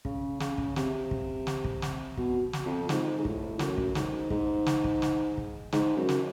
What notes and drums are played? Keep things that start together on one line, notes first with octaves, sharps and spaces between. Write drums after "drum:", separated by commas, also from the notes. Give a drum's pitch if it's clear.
C#3, drum: kick
C#3, drum: snare
drum: kick
C3, drum: snare
drum: kick
drum: snare
drum: kick
drum: snare
B2, drum: kick
drum: snare
F2
G#2, drum: snare
G#2
A2, drum: kick
F#2, drum: snare
drum: kick
G#2, drum: snare
G#2, drum: kick
drum: snare
drum: kick
drum: snare
drum: kick
G#2, drum: snare
F#2
drum: snare